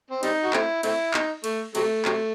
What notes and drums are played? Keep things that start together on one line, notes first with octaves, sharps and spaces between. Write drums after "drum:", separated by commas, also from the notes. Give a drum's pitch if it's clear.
C4
G3 C4 D#4, drum: cymbal
F#4
A3 C4 E4, drum: clap
A3 C4 E4, drum: cymbal
D#4, drum: clap
A3, drum: cymbal
C3 F#3 A3, drum: cymbal
C3 F#3 A3, drum: clap